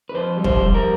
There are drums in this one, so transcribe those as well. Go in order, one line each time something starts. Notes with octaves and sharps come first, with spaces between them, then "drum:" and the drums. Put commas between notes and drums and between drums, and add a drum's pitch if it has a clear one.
B4
F2 C5
G3
C5, drum: kick
G3
A#4